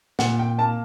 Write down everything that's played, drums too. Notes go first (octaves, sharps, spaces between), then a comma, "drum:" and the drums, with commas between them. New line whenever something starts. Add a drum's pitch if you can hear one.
A#2 F#5, drum: snare
G5
A#3 A5